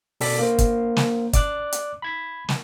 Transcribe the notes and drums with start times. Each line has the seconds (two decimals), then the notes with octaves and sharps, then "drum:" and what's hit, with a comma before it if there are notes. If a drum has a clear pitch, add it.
0.20 B2 A4 D5 B6, drum: open hi-hat
0.39 A#3 C5
0.58 drum: kick, hi-hat
0.97 drum: snare
1.33 D5 D6 F#6, drum: kick, hi-hat
1.73 drum: hi-hat
2.02 B5 G#6 B6
2.49 drum: snare